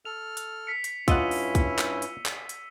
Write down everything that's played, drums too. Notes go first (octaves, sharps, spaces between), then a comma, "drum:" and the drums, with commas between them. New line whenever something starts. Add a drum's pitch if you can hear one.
A4 F6 F7
drum: hi-hat
B6 C#7
drum: hi-hat
G2 C#4 E4 F4 D#5 F#5 E6 D#7, drum: kick, hi-hat
drum: open hi-hat
drum: kick, hi-hat
drum: clap
drum: hi-hat
drum: clap
drum: hi-hat